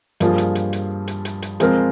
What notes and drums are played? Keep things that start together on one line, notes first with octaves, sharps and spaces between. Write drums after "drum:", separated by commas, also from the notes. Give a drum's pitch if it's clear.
G2 F3 A#3 F4 G#4, drum: hi-hat
drum: hi-hat
drum: hi-hat
drum: hi-hat
drum: hi-hat
drum: hi-hat
drum: hi-hat
F3 G#3 C4 F4 A#4, drum: hi-hat